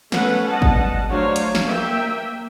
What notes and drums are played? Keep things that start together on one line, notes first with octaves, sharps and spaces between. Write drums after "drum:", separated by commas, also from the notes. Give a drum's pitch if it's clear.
A3 B3 C#4 A4 B4 F#5, drum: snare
G3 D#5 F#5 A5
drum: kick G#1
F#3 A3 D4 C5 C#5 F5
drum: hi-hat
drum: snare
A#3 E5 G5